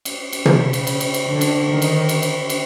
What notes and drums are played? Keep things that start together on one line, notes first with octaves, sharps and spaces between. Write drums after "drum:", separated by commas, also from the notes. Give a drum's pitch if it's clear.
drum: cymbal
drum: cymbal
C#3, drum: tom
drum: cymbal
drum: cymbal
drum: cymbal
drum: cymbal
D3
drum: cymbal
D#3
drum: cymbal
drum: cymbal
drum: cymbal
drum: cymbal